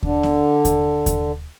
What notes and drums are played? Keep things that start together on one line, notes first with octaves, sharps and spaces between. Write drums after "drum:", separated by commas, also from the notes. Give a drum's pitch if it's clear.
D3, drum: kick D#2
drum: snare
drum: kick D#2, hi-hat
drum: kick D#2, hi-hat